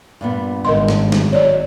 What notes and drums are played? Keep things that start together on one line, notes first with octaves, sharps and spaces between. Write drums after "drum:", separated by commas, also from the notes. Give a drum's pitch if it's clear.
G2 A#2 B3
G#1 A#4 D#5 C6
drum: snare
drum: snare
G#2 F#3 G#3 C#5 D5